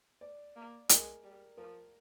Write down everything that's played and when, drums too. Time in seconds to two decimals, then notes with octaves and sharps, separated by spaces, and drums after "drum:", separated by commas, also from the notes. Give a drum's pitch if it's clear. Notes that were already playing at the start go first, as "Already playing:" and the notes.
0.21 D5
0.56 A#3
0.89 G#3 A#4, drum: hi-hat
1.24 G3
1.57 F3 A#4